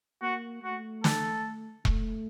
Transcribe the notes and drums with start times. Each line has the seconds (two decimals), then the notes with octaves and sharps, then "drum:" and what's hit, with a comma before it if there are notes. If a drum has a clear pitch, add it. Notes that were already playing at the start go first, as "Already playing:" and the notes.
0.22 A#3 F#4
0.63 A3 F#4
1.04 A4, drum: snare
1.85 A3, drum: kick E1